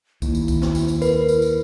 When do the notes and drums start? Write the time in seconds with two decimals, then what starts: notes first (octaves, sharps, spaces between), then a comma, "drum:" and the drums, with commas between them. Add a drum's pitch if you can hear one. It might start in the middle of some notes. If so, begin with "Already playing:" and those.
0.22 D#2 E4, drum: kick C2, tambourine
0.35 drum: tambourine
0.48 drum: kick C2, tambourine
0.62 drum: snare
0.75 drum: tambourine
0.88 drum: tambourine
1.02 A#4 B4, drum: tambourine
1.29 drum: tambourine
1.42 drum: tambourine